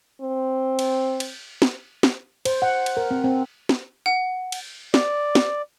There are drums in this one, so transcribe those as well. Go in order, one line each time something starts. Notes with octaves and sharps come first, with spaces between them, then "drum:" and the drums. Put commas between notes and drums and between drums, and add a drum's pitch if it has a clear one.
C4
drum: cymbal
drum: cymbal
drum: snare
drum: snare
C5, drum: cymbal
F#5
drum: cymbal
A#4
C4
C4
drum: snare
F#5
drum: cymbal
D5, drum: snare
drum: snare